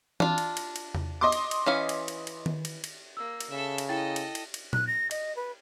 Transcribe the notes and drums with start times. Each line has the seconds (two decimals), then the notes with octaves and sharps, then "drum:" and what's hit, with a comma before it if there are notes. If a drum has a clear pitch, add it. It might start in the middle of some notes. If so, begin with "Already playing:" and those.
0.20 D4 F4, drum: tom E3
0.38 drum: cymbal
0.57 drum: cymbal
0.76 drum: cymbal
0.95 drum: tom E2
1.21 D#5 C6 D6
1.32 drum: cymbal
1.51 drum: cymbal
1.66 E3 C#4 F5
1.89 drum: cymbal
2.08 drum: cymbal
2.27 drum: cymbal
2.46 drum: tom D#3
2.65 drum: cymbal
2.84 drum: cymbal
3.17 A#3 E6
3.41 drum: cymbal
3.51 C#3 A4 E5
3.78 drum: cymbal
3.89 E4 A4 D#5 G5 A6
4.16 drum: cymbal
4.35 drum: cymbal
4.54 drum: cymbal
4.73 F#6, drum: tom A#2
4.87 A#6
5.11 D#5, drum: cymbal
5.36 B4